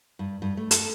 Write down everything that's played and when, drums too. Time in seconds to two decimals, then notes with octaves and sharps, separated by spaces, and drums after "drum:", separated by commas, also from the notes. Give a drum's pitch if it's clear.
0.19 G2
0.42 G2
0.57 A3
0.71 A4, drum: hi-hat